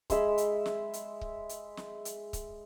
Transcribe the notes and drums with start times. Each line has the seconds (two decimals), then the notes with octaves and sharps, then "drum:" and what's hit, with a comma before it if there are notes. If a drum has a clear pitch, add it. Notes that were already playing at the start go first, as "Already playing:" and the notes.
0.10 G#3 E5 B5 C6, drum: kick C#1, hi-hat
0.38 drum: hi-hat
0.66 drum: snare
0.93 drum: hi-hat
1.21 drum: kick C#1
1.49 drum: hi-hat
1.77 drum: snare
2.05 drum: hi-hat
2.33 drum: kick C#1, hi-hat